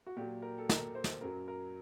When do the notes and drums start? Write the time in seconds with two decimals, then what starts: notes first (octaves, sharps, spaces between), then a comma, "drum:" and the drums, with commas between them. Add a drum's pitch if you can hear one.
0.07 F#4
0.16 A#2 F#3 G4
0.42 A#4
0.58 A4
0.69 A#4, drum: snare
0.95 C5
1.04 drum: snare
1.21 F#2 F#3 A#4
1.48 A#4